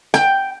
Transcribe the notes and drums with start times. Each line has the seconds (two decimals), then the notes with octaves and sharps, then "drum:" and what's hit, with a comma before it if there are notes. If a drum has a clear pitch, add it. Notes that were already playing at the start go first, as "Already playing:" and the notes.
0.14 G5, drum: snare